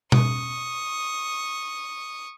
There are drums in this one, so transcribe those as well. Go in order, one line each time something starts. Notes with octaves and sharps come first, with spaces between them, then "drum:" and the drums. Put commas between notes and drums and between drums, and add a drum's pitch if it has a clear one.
C#6 D#6, drum: tom B2